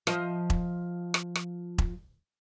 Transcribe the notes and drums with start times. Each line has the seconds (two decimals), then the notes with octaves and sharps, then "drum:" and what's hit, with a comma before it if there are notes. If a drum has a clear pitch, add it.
0.07 F3 C5 D#5, drum: rim click
0.50 drum: kick E1
1.14 drum: rim click
1.35 drum: rim click
1.78 drum: kick E1